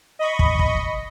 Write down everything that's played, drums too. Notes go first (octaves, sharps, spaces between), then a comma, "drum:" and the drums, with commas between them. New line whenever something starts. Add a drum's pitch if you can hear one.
D#5 B5 C#6
drum: kick
drum: kick